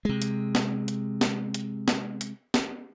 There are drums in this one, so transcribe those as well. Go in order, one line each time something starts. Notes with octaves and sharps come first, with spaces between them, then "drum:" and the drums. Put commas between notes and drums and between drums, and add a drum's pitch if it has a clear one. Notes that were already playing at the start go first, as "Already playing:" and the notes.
C3 G#3
drum: hi-hat
drum: snare
drum: hi-hat
drum: snare
drum: hi-hat
drum: snare
drum: hi-hat
drum: snare